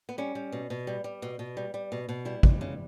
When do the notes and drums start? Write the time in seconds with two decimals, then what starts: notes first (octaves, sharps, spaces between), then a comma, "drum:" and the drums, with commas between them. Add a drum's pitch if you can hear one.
0.09 B3
0.18 G3 C#4
0.35 G3
0.52 B2
0.70 B2
0.87 G3
1.04 G3
1.22 B2
1.39 B2
1.57 G3
1.74 G3
1.92 B2
2.09 B2
2.25 G3 E4
2.43 G3, drum: kick
2.61 C#3